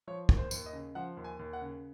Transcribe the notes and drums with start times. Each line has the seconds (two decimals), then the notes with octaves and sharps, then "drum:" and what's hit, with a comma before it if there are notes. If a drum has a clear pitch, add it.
0.07 F3 C#5
0.29 D#2, drum: kick
0.37 C5
0.51 D#2, drum: tambourine
0.66 D#5
0.73 C#3
0.95 F3 F#5
1.17 D#2
1.24 G#5
1.39 D#2
1.53 F#5
1.61 C#3